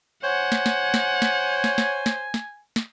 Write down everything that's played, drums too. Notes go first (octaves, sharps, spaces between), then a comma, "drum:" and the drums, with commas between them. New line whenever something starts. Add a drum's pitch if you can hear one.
C5 C#5 F#5 G#5
drum: snare
drum: snare
drum: snare
drum: snare
drum: snare
drum: snare
drum: snare
drum: snare
drum: snare